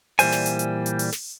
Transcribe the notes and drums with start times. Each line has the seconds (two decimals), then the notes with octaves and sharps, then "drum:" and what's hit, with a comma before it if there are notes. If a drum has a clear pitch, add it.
0.19 A#2 E3 G3 C5 G#5, drum: open hi-hat
0.32 drum: snare
0.46 drum: hi-hat
0.59 drum: hi-hat
0.86 drum: hi-hat
0.99 drum: open hi-hat
1.12 drum: snare